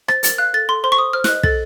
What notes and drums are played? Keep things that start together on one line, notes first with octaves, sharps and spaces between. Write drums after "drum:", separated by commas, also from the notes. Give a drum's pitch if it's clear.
C5 A6, drum: rim click
A#4 A6, drum: hi-hat
F5 F#6
A4 A6
A4 C6
C5 C6
C#6
C5 D#6
C5 F6
F#6, drum: snare
D#5
A4 A6, drum: kick